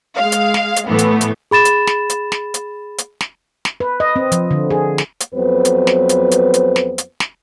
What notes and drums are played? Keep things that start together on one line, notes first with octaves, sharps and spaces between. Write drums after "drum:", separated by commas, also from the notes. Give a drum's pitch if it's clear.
G#3 F5
drum: hi-hat
drum: snare
drum: hi-hat
A2 E3 A3 B3
drum: hi-hat
drum: hi-hat
G#4 B5 A6 E7
drum: hi-hat
drum: snare
drum: hi-hat
drum: snare
drum: hi-hat
drum: hi-hat
drum: snare
drum: snare
B4
D#5
C4
F3, drum: hi-hat
D3
G#4
drum: snare
drum: hi-hat
F2 F#3 B3 B4 C5
drum: hi-hat
drum: snare
drum: hi-hat
drum: hi-hat
drum: hi-hat
drum: snare
drum: hi-hat
drum: snare